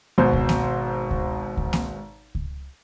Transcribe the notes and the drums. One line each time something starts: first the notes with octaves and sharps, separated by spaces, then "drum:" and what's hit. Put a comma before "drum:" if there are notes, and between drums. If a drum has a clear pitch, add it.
G#1 B2 C5
drum: kick C#2
drum: snare A#3
drum: kick C#2
drum: kick C#2
drum: snare A#3
drum: kick C#2